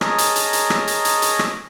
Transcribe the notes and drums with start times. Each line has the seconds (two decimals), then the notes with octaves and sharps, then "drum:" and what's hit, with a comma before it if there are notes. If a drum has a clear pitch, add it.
0.01 G#4 A#4 C#5 D#5 A5 A#5, drum: rim click
0.18 drum: hi-hat
0.36 drum: hi-hat
0.53 drum: hi-hat
0.70 drum: rim click
0.87 drum: hi-hat
1.05 drum: hi-hat
1.22 drum: hi-hat
1.39 drum: rim click